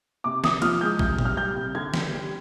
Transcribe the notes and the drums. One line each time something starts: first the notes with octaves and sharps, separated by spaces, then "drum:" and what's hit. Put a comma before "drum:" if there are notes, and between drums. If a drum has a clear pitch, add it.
C3 D6
C3 D#6, drum: snare
F3 F6, drum: cymbal
G#3 G6
C3 G6, drum: kick
G3, drum: tom A#2
F6
G3 G6
C3
D3 G#6
G3, drum: snare
G3